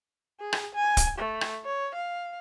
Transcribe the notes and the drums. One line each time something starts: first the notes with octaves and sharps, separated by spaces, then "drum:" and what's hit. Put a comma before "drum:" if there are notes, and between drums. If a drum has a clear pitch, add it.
G#4
drum: rim click
G#5
drum: kick, hi-hat
A3
drum: rim click
C#5
F5